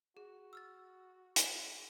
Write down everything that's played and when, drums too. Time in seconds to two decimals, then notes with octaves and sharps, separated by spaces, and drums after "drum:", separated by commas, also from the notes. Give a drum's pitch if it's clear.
0.17 F#4 G#4
0.53 E6 F6 A6
1.36 drum: hi-hat